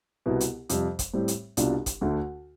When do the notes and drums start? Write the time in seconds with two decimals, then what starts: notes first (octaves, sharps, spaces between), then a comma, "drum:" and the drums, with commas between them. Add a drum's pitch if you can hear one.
0.26 C2 B2 B3 E4
0.41 drum: hi-hat
0.69 F2 C3 G3, drum: hi-hat
0.99 drum: kick, hi-hat
1.14 A2 G3 C4 G4
1.28 drum: hi-hat
1.57 C2 B2 G3 D4 F4, drum: hi-hat
1.86 drum: kick, hi-hat
2.01 D2 D3 A3